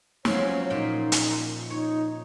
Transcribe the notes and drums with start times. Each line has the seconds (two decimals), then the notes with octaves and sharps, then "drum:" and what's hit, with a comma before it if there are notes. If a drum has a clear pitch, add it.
0.25 F3 F#3 C#4 C#5, drum: snare
0.70 A#2 D#4 G5
1.12 drum: hi-hat
1.70 D#4 C#5